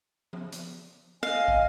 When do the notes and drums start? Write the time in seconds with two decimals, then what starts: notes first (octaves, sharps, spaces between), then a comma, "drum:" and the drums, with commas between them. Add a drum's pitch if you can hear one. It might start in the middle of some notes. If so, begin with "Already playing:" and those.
0.33 drum: tom F3
0.52 drum: hi-hat
1.23 D#5 F5 G#5
1.48 drum: kick